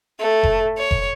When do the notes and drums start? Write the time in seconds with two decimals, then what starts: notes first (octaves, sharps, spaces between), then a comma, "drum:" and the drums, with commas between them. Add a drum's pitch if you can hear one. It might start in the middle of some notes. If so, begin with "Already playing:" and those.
0.20 A3
0.43 drum: kick F1
0.78 C#5
0.91 drum: kick F1